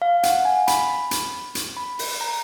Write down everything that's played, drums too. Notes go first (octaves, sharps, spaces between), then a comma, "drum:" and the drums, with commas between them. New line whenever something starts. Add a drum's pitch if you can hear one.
F5
F#5, drum: hi-hat
G#5
B5, drum: hi-hat
drum: hi-hat
drum: hi-hat
B5
drum: open hi-hat
A#5